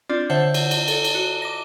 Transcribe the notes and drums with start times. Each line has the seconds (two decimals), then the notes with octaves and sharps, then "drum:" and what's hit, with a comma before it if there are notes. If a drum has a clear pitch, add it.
0.09 C4 D4 F4 D5
0.30 D3 C5 C#5 E5 F#5 G6
0.54 drum: cymbal
0.71 drum: cymbal
0.88 A4 C#5, drum: cymbal
1.04 drum: cymbal
1.15 F#4
1.42 D6 A#6